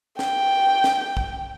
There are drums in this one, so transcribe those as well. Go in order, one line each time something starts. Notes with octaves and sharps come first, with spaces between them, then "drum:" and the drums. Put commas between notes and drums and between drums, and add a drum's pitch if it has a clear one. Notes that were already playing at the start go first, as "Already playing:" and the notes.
G5, drum: snare
drum: snare
drum: kick